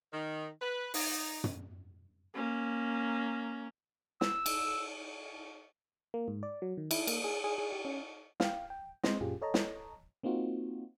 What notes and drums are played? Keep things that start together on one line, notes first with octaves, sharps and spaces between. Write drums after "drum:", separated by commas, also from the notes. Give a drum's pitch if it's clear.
D#3
B4
D#4, drum: open hi-hat
drum: tom
A#3 C#4
E6, drum: snare
drum: cymbal
A#3
G#2
D5
F#3
D#3
E4, drum: cymbal
A#3, drum: cymbal
G#4
G#4
G#4
G4
C#4
F5 G5, drum: snare
G5
G#3 C4 D#5 C6 A#6, drum: snare
F#2 A#2 C#4 F4 G4 G#4
A4 C#5 D#5 A5 A#5
drum: snare
A#3 C4 D#4 F4 F#4